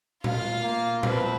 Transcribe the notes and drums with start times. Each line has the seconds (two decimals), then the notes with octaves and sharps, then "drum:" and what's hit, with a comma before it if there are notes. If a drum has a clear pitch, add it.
0.24 F4 F5, drum: tom A#2
0.62 A#3
1.03 F3 C4 B4, drum: tom A#2